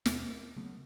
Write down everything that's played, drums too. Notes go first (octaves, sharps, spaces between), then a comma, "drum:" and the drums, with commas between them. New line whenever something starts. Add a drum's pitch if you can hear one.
D#2 B2, drum: snare
A#3
C#3 F#3 A3 B3